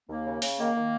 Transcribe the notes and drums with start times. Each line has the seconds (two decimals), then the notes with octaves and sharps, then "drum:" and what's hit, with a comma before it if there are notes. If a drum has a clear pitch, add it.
0.08 D#2 A#3
0.25 C#3
0.42 C#3, drum: open hi-hat
0.59 D#3 A#3
0.75 D#3